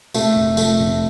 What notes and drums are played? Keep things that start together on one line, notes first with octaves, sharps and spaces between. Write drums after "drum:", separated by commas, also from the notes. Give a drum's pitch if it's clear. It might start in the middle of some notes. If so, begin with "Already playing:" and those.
C3 A3, drum: tambourine
F1
F2 A3, drum: tambourine
F1